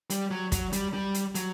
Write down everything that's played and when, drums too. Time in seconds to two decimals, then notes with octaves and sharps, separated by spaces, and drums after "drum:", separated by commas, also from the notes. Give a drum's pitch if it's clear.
0.10 G3, drum: hi-hat
0.31 F#3
0.52 F#3, drum: kick, hi-hat
0.73 G3, drum: hi-hat
0.94 G3
1.14 drum: hi-hat
1.35 F#3, drum: hi-hat